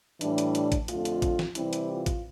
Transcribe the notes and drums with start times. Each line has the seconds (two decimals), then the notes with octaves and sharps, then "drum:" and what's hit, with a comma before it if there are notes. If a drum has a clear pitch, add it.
0.21 A2 E3 G3 D4, drum: hi-hat
0.38 drum: hi-hat
0.55 drum: hi-hat
0.72 drum: kick, hi-hat
0.88 F2 D3 A3 F4, drum: hi-hat
1.05 drum: hi-hat
1.22 drum: kick, hi-hat
1.39 drum: snare
1.55 C3 E3 G3 C4 E4, drum: hi-hat
1.73 drum: hi-hat
1.90 F4
2.06 drum: kick, hi-hat